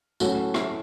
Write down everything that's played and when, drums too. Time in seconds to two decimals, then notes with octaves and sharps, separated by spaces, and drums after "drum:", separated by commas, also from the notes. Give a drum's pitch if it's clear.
0.20 A2 F#3 C#4 F#4 A4, drum: tambourine
0.54 E4, drum: rim click